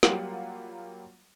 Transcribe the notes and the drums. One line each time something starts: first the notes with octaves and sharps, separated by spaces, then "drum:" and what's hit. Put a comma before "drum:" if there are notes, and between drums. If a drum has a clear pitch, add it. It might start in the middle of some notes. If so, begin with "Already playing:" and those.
F#3 G3 A#3 F4 F#5, drum: snare